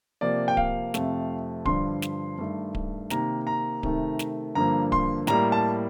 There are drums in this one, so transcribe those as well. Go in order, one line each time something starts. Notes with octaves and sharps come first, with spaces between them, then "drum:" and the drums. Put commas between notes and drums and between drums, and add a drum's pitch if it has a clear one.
C3 F3 A#3 D5
G5
F5, drum: kick D1
F2 C3 F3 A3, drum: snare
G2 D3 F3 C6, drum: kick D1
drum: snare
G2 D#3 A3
drum: kick D1
C3 D#3 A#3 A#5, drum: snare
A#5
C3 D#3 A3, drum: kick D1
drum: snare
G2 D3 F3 A#3 A#5
C6, drum: kick D1
A2 G3 A#3 A#5, drum: snare
A5